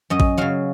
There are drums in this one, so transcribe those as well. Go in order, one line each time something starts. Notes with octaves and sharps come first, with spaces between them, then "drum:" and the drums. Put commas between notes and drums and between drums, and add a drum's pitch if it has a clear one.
F#2 D#5
drum: kick A1
C#3 F#3 F5